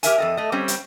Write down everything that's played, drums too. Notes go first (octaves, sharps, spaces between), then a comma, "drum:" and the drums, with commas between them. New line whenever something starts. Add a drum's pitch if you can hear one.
G4 A#4 E5 G#5, drum: hi-hat
F2 A4 D#5
A3 D#5
G3 C4 C#4
drum: hi-hat